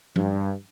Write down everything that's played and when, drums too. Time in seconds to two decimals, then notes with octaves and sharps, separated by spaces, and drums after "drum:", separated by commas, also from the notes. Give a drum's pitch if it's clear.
0.16 G2, drum: tom F3